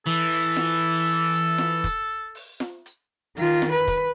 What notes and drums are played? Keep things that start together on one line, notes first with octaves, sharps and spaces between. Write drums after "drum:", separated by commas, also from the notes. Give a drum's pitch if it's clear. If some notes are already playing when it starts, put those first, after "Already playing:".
E3 A4
drum: open hi-hat
drum: snare F4
drum: hi-hat
drum: snare F4
drum: kick, hi-hat
drum: open hi-hat
drum: snare F4
drum: hi-hat
D#3 F4, drum: hi-hat
drum: snare F4
B4
drum: kick, hi-hat